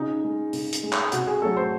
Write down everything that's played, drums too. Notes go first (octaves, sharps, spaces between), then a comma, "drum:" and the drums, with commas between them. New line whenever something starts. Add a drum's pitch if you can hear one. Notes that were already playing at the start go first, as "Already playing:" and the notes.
Already playing: C#3 D#4
G#3
C#3, drum: open hi-hat
drum: hi-hat
G#3
drum: clap
C3 F#4, drum: hi-hat
G#4
F#3 A3 A4
C5